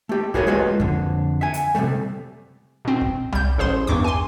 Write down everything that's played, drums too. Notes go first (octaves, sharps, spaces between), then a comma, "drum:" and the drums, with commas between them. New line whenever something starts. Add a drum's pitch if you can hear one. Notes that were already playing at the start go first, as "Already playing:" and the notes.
A3 G4
E4 F#4 G#4 A#4 B4 C#5, drum: kick
G#3 A3 F4 F#4 B4 D#5
F2 D3, drum: kick
E5 F#5 G#5
drum: hi-hat
C3 D#3 G3 A3
B2 C4
drum: kick
G3 G6, drum: tom C2
A1 G#4 C5 C6
E2 G2 C#6 D6
G#5 C6